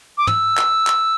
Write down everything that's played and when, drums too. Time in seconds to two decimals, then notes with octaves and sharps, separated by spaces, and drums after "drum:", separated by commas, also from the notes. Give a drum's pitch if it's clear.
0.18 D6
0.27 E6, drum: tom
0.57 drum: clap
0.87 drum: clap